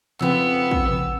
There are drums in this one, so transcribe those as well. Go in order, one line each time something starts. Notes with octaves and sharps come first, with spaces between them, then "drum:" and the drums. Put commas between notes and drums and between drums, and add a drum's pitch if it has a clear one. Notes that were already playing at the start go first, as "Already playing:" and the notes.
C#3 F3 B3 C4 E6, drum: clap
drum: kick
drum: tom A#2